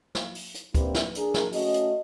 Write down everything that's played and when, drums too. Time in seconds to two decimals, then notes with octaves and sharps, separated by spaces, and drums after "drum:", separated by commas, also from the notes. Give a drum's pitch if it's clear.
0.15 drum: snare
0.35 drum: open hi-hat
0.55 drum: hi-hat
0.75 A#3 C4 D4 E4 G4 B4, drum: kick D2, hi-hat
0.94 drum: snare
1.15 D4 G#4 A#4, drum: hi-hat
1.34 drum: snare
1.52 A3 C#4 F#4 D#5, drum: open hi-hat
1.74 drum: hi-hat